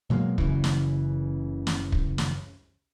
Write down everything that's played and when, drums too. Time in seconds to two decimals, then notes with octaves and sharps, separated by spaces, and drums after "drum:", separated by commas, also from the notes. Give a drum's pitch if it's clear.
0.10 B2 F#3 G#3 A#3
0.38 F#1 F#2 C#3 E3, drum: kick
0.64 drum: snare
1.67 drum: snare
1.92 drum: kick
2.18 drum: snare